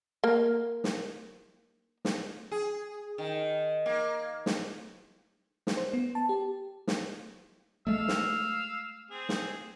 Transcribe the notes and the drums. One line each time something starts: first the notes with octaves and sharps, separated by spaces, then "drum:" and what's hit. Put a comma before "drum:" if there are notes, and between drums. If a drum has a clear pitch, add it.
A#3 A#4
drum: snare
drum: snare
G#4
D#3
A#3
drum: snare
drum: snare
C5
B3
A5
G4
drum: snare
G#3 A3 F5 E6
drum: snare
C4 G#4
drum: snare